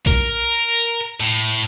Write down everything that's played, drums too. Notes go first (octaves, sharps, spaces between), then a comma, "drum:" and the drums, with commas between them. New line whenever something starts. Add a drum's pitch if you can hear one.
A#4, drum: kick A#1
A2